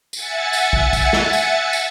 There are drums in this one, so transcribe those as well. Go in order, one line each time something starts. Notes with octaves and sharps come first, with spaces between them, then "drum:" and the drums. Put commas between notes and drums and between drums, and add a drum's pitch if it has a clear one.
E5 F#5 G#5 A6 C#7, drum: tambourine
drum: tambourine
drum: kick
drum: kick, tambourine
drum: snare
drum: tambourine
drum: tambourine